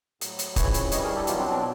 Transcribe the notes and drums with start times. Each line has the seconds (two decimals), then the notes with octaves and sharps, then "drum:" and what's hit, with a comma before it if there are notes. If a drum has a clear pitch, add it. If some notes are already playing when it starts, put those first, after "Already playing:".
0.21 A2 F#3, drum: hi-hat
0.39 drum: hi-hat
0.56 F2 C#3 E3 B4 C#5, drum: kick, hi-hat
0.74 drum: hi-hat
0.92 G2 E3 G3 C#5 D#5, drum: hi-hat
1.04 G#4 A#4
1.15 G4 A4
1.27 B2 F#3 F4 G4, drum: hi-hat
1.39 C4 D4
1.51 C4 D4